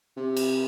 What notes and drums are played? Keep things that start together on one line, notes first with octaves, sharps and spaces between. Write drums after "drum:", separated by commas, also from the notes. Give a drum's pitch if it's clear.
C3
drum: cymbal